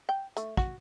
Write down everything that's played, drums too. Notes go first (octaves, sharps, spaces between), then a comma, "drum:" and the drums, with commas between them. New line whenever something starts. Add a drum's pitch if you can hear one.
G5
A3, drum: hi-hat
F#4, drum: kick